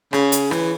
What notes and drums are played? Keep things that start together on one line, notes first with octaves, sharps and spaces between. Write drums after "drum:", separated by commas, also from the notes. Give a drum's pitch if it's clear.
C#3, drum: rim click
drum: hi-hat
E3, drum: rim click